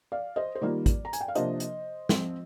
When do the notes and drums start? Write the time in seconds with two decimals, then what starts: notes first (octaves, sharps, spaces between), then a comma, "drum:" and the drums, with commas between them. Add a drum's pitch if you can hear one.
0.12 D5 F5
0.36 C5 D#5
0.55 C5
0.61 D#3 G3 A#3 F4 D5
0.86 drum: kick, hi-hat
1.05 A#5
1.13 G#5, drum: hi-hat
1.21 G5
1.28 F5
1.35 C3 F3 A#3 D4 C5 D#5, drum: hi-hat
1.60 drum: hi-hat
2.09 F3 C4 F4, drum: snare